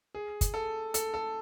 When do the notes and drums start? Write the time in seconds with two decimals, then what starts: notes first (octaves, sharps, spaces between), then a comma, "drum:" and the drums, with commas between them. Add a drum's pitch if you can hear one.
0.15 G#4
0.41 drum: kick, hi-hat
0.54 A4
0.94 A4, drum: hi-hat
1.14 A4